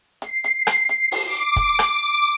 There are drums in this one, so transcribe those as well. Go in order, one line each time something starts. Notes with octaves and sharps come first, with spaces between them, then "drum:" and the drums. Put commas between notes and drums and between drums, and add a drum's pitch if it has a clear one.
C7, drum: hi-hat
drum: hi-hat
drum: rim click
drum: hi-hat
drum: open hi-hat
D6
drum: kick, hi-hat
drum: rim click